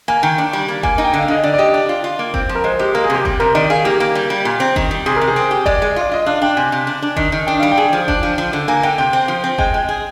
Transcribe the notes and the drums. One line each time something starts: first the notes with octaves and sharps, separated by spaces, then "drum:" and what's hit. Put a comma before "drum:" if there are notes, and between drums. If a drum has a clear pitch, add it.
A#3 G#5
D#3 G5
D4
G3
A#3
A#3 G#5, drum: kick F#1
D#4
G5
D3 F5
D3 D#5
D3 D5
D5
G4 D#5
D4 D5
F4
F4
A#3
C4, drum: kick F#1
F3
A#4
G#3 C5
G#3 G4
A#3 A#4
G#4
C3 G4
G3, drum: kick F#1
C3 A#4
D#3 D5
G#4 F5
A#3 G4
A#3
G3
G3
A#2
C4
D#3, drum: kick F#1
G3
C3 G#4
A#4
C3
G#4
C4
G4
G#3 D5, drum: kick F#1
G#3
F4 D5
F4 D#5
D4 F5
D4 G5
C3 G#5
C3
D4
D4
D#3, drum: kick F#1
D#3
D4 G5
G3 F5
G5
G#4
F3
D4, drum: kick F#1
F3
F3
D3
A#3 G#5
D3 G5
C3 G5
C4
F3
C4
G#3 G5, drum: kick F#1
G#3
G#4